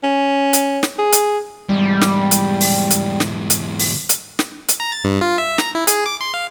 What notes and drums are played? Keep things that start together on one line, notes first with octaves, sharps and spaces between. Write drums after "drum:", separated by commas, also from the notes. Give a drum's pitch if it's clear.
C#4
drum: hi-hat
drum: snare
G#4
drum: hi-hat
E2 G#2 G3
drum: snare
drum: hi-hat
drum: open hi-hat
drum: hi-hat
drum: snare
drum: hi-hat
drum: open hi-hat
drum: hi-hat
drum: snare
drum: hi-hat
A#5
A6
G2
F4
E5
A#5, drum: snare
E4
G#4, drum: hi-hat
D6
C6
F5